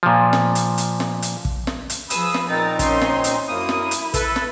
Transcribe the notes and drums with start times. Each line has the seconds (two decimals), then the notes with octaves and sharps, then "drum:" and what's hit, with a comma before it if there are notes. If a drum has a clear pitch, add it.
0.03 A#2 F3
0.33 drum: snare
0.55 drum: hi-hat
0.78 drum: hi-hat
1.00 drum: snare
1.22 drum: hi-hat
1.45 drum: kick
1.67 drum: snare
1.90 drum: hi-hat
2.10 F3 G#4 B4 D#6 E6, drum: hi-hat
2.34 drum: snare
2.49 A#2 C4 D#4 A#4 A6
2.79 C#4 C6, drum: kick, hi-hat
3.02 drum: snare
3.24 drum: hi-hat
3.48 F#2 A#3 E4 D#6
3.69 drum: snare
3.91 drum: hi-hat
4.14 A4 B4, drum: kick, hi-hat
4.36 drum: snare